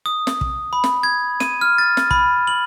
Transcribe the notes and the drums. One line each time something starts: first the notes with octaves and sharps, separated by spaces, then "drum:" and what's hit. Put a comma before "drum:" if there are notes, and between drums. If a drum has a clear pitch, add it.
D#6
drum: snare
drum: kick
B5
drum: snare
G#6
D#7, drum: snare
F6
A6
drum: snare
B5, drum: kick
F#7